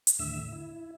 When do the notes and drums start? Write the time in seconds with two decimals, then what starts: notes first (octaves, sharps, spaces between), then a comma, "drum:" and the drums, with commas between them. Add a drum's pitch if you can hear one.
0.07 drum: hi-hat
0.19 D#2 A2 D3 E5 E6
0.52 E4